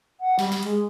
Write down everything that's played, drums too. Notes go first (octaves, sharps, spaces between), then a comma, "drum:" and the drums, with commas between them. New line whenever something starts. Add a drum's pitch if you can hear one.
F#5
G3, drum: snare
drum: snare
G#3, drum: hi-hat